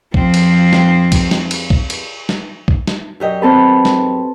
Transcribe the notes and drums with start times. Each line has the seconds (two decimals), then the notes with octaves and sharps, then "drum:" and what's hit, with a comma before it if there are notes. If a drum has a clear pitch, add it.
0.14 F2 F3 C4, drum: kick
0.34 drum: cymbal
0.73 drum: snare
1.12 drum: kick, cymbal
1.31 drum: snare
1.51 drum: cymbal
1.70 drum: kick
1.90 drum: cymbal
2.29 drum: snare
2.68 drum: kick
2.87 drum: snare
3.20 F#2 G4 D#5
3.42 C4 A4 B4
3.85 drum: snare